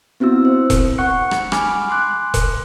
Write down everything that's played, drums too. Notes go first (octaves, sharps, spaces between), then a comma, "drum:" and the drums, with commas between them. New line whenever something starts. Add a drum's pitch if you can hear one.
B3 C4 E4 F#4 E6
C5
drum: kick E1, hi-hat
F#5 C#6 F#6 C#7
drum: rim click
G#5 B5 D6 F6, drum: rim click
C6 D6 F#6
drum: kick E1, hi-hat